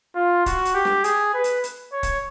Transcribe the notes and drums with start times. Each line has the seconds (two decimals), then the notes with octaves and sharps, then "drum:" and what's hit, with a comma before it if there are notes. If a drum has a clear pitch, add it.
0.16 F4
0.46 F#4, drum: kick C#1, hi-hat
0.65 drum: hi-hat
0.75 G4
0.85 drum: snare
1.04 G#4, drum: hi-hat
1.34 B4
1.44 drum: hi-hat
1.64 drum: hi-hat
1.92 C#5
2.03 drum: kick C#1, hi-hat